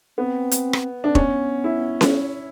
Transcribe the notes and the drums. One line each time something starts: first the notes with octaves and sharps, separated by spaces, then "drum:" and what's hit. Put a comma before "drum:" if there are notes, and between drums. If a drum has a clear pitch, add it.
B3 C4
drum: hi-hat
drum: rim click
C4 D4
B3 C#4, drum: kick E1
E4
drum: snare C#4